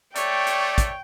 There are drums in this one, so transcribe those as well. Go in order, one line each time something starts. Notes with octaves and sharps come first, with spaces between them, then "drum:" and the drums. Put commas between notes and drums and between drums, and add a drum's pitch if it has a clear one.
A3 C#5 D5 G5, drum: hi-hat
drum: hi-hat
drum: kick, hi-hat